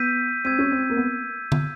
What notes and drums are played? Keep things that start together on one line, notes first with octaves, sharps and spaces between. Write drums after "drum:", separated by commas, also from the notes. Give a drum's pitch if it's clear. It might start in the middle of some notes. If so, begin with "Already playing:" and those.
Already playing: B3 E6 G6 B6 D#7
C4 E6 G#6 B6 D#7
C#4
C4
A#3
B3
drum: tom D3